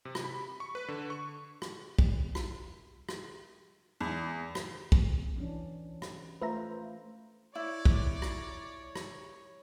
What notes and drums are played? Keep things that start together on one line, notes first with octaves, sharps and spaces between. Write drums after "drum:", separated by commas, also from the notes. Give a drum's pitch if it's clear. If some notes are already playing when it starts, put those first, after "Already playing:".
C3
drum: rim click
B5
C#6
B4
D3
C#6
drum: rim click
drum: kick
drum: rim click
drum: rim click
E2
drum: rim click
drum: kick
E3 C#4 D4
drum: rim click
A3 F4 B4 C5 E5 A#5
E4 C#5 D5
drum: kick
drum: rim click
drum: rim click